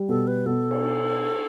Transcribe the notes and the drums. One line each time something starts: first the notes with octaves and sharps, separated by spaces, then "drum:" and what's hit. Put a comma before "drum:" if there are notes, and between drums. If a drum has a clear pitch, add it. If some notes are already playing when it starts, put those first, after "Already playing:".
Already playing: G3
B2 A4
B4
B2 A4
drum: cymbal